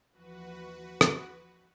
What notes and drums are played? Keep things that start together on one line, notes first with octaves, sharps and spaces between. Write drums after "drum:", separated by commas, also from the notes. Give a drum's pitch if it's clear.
D#2 E3 F3 F#4 B4
drum: rim click